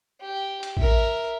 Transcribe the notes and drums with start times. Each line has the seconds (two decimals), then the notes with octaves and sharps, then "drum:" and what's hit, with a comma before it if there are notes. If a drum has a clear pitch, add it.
0.21 G4
0.63 drum: hi-hat
0.77 A#4 E5, drum: kick A1